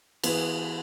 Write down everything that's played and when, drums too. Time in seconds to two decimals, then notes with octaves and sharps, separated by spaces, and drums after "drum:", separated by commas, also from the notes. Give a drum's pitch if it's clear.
0.24 E3 B3 E4 G#4 B4, drum: cymbal